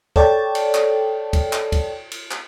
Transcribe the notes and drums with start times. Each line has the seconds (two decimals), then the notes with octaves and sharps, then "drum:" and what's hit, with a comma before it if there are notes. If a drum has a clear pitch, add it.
0.16 A4 C#5 D5 G5 A5, drum: kick
0.55 drum: cymbal
0.74 drum: clap
1.33 drum: kick, cymbal
1.53 drum: clap
1.72 drum: kick, cymbal
2.12 drum: cymbal
2.31 drum: clap